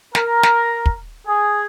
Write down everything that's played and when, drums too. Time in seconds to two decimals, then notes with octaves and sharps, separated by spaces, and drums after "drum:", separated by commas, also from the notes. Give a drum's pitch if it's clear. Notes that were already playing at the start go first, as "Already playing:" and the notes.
0.15 A#4, drum: snare
0.43 drum: snare
0.86 drum: kick
1.27 G#4